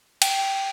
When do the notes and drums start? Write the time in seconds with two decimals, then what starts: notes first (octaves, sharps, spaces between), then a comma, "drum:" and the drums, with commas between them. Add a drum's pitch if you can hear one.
0.22 G5, drum: cymbal